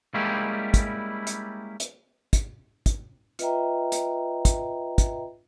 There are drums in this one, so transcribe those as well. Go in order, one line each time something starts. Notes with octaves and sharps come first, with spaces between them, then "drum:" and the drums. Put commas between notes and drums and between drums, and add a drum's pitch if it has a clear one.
G3 G#3 A#3 C#4 E4 G4
drum: kick, hi-hat
drum: hi-hat
drum: hi-hat
drum: kick, hi-hat
drum: kick, hi-hat
F4 B4 D#5 E5 G5 A#5, drum: hi-hat
drum: hi-hat
drum: kick, hi-hat
drum: kick, hi-hat